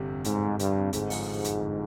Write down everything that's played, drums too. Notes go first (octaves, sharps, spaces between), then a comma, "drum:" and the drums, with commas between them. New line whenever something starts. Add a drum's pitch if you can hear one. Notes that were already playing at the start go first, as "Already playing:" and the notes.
Already playing: G1 C3 G3
F2
G1 G#2, drum: hi-hat
G3
G2 C3, drum: hi-hat
F2
G1 G#2, drum: hi-hat
F3, drum: open hi-hat
C3
F2, drum: hi-hat
G1